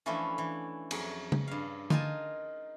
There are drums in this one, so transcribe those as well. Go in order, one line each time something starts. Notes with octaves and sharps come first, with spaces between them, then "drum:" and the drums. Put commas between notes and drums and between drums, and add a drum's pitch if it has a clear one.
E3 F3 A3 C#4 D4 E4
E3
F2 F#3 G#4, drum: cymbal
drum: tom C#3
G2 F5
D#4 F4 A#4 G#5 A5, drum: tom D3